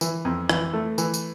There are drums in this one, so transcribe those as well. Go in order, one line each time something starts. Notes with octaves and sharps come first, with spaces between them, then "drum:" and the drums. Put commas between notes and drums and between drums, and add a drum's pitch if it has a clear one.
E3, drum: tambourine
F2
E3, drum: rim click
A3
E3, drum: tambourine
drum: tambourine